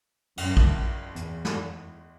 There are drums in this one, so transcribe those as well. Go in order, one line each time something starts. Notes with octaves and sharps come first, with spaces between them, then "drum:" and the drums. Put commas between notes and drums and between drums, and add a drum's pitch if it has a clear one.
F#2, drum: cymbal
drum: kick
E2, drum: hi-hat
drum: snare